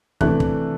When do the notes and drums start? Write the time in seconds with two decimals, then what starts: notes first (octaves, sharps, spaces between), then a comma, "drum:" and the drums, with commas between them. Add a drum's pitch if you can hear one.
0.21 C3 E3 A3 D4 F#6, drum: kick
0.40 drum: kick